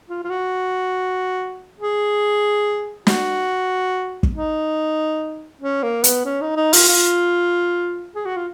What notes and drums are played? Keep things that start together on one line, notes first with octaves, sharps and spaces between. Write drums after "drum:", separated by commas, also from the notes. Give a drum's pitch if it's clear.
F4
F4
F#4
G#4
F#4, drum: snare
drum: kick
D#4
C#4
A#3
B3, drum: hi-hat
C#4
D#4
D#4
F4, drum: open hi-hat
F4
G#4
F#4
F4